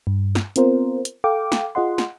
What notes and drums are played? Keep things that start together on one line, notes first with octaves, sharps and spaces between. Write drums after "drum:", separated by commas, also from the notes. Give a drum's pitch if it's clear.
G2
drum: snare
B3 C4 F4 A#4 C5, drum: hi-hat
drum: hi-hat
A4 F5 G5 D6
drum: snare
F4 G#4 D#5 F#5 C6
drum: snare